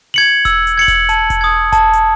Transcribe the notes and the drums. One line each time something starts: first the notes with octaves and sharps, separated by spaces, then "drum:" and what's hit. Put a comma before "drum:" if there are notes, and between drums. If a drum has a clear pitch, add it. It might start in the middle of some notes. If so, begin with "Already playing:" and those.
G#6 C#7 F#7
E6, drum: kick E1, hi-hat
drum: hi-hat
G#6 C#7 F#7
drum: kick E1, hi-hat
A5, drum: hi-hat
drum: kick E1, hi-hat
D#6 G#6
A5, drum: kick E1, hi-hat
drum: hi-hat